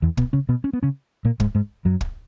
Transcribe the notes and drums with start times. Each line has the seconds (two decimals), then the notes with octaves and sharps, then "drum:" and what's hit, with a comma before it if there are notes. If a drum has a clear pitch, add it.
0.02 E2 E3
0.17 B2 B3, drum: kick
0.33 C#3 C#4
0.49 B2 B3
0.64 C#4
0.73 B3
0.83 C#3 C#4
1.25 A#2 A#3
1.40 G#2 G#3, drum: kick
1.55 G#2 G#3
1.85 F#2 F#3
2.01 drum: kick